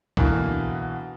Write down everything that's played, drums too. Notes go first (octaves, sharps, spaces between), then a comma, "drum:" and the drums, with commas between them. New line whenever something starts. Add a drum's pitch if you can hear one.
B2 D3 E3 A#3, drum: kick